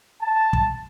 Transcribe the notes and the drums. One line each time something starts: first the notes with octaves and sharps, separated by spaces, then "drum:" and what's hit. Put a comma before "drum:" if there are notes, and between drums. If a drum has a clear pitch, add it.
A5
drum: kick